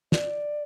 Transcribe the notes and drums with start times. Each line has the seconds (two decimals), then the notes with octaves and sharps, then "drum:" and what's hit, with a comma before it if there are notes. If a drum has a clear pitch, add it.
0.12 D5, drum: snare